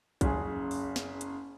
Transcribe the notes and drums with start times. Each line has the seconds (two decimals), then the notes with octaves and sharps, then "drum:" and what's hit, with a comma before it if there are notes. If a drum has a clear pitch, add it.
0.21 F#1 C#3 G#4, drum: kick, hi-hat
0.71 drum: open hi-hat
0.96 drum: snare
1.21 drum: hi-hat